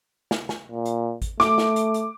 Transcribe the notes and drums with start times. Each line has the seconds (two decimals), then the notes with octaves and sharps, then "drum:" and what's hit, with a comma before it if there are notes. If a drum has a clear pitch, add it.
0.31 drum: snare
0.49 drum: snare
0.71 A#2
0.85 drum: hi-hat
1.22 drum: kick G#1, hi-hat
1.40 A3 D6, drum: snare
1.58 drum: snare
1.76 drum: hi-hat
1.94 drum: hi-hat